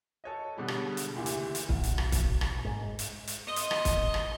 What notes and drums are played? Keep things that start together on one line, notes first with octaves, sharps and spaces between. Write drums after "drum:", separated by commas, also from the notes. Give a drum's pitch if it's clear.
A4 C#5 D#5
B2 D3 G3 G#3
drum: rim click
drum: hi-hat
F#1 D2 E3 G4
drum: hi-hat
drum: hi-hat
B1, drum: kick
drum: hi-hat
drum: rim click
drum: kick, hi-hat
drum: rim click
G#2
drum: hi-hat
drum: hi-hat
D#5 C6
drum: hi-hat
drum: rim click
drum: kick, hi-hat
drum: rim click